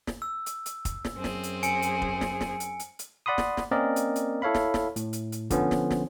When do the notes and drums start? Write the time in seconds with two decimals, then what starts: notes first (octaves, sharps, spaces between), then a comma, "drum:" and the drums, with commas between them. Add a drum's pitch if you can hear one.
0.07 drum: snare
0.22 E6
0.46 drum: hi-hat
0.66 drum: hi-hat
0.85 drum: kick, hi-hat
1.05 drum: snare
1.15 F#2 C4 G#4
1.24 drum: snare
1.43 drum: hi-hat
1.63 G#5 C#7 D7, drum: hi-hat
1.82 drum: hi-hat
2.02 drum: kick
2.21 drum: snare
2.41 drum: snare
2.60 drum: hi-hat
2.79 drum: hi-hat
2.99 drum: hi-hat
3.26 D5 F#5 B5 C6 D#6
3.38 drum: snare
3.57 drum: snare
3.71 A#3 C4 C#4 A#4 D5 D#5
3.96 drum: hi-hat
4.16 drum: hi-hat
4.42 E4 A4 C#5 F5 B5
4.54 drum: snare
4.74 drum: snare
4.96 A2, drum: hi-hat
5.13 drum: hi-hat
5.32 drum: hi-hat
5.50 D3 F3 B3 C#4 C5, drum: kick, hi-hat
5.71 drum: snare
5.91 drum: snare